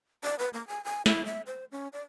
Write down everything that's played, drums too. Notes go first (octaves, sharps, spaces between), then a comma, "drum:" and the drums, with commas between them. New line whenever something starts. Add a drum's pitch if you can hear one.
D5
B4
A#3
G#5
G#5
E4, drum: snare
E5
C5
C#4
D5